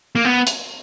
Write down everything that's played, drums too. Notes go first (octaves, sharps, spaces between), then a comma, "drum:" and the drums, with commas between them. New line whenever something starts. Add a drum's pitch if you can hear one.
A#3
B3
drum: hi-hat